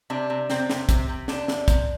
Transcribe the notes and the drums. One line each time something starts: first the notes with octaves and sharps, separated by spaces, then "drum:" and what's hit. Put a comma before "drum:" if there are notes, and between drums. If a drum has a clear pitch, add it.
C3 D4
C3
C3 C4, drum: snare
C3, drum: snare
C3, drum: kick, hi-hat
C3
C3 D4, drum: snare
C3, drum: snare
C3, drum: kick, hi-hat